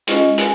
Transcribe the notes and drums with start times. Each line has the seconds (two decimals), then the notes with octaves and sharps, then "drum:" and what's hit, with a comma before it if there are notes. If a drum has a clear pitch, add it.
0.07 G#3 C#4 F4 D#5, drum: hi-hat
0.38 G#5, drum: hi-hat